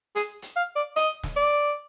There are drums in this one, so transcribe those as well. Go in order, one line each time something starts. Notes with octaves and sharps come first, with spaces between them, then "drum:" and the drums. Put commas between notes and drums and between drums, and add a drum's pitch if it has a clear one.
G#4, drum: hi-hat
drum: hi-hat
F5
D5
D#5, drum: hi-hat
drum: snare
D5